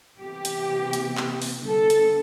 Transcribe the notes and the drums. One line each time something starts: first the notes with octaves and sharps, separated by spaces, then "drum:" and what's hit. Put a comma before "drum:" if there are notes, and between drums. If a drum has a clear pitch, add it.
C3 E3 B3 G4
drum: hi-hat
drum: hi-hat
drum: clap
drum: open hi-hat
D3 G3 B3 A4
drum: hi-hat